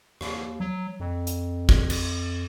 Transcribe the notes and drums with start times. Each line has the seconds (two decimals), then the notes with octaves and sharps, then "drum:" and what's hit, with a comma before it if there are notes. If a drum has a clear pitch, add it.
0.21 D#2, drum: rim click
0.60 F#3
1.00 F2
1.27 drum: hi-hat
1.69 drum: kick G#1
1.90 drum: cymbal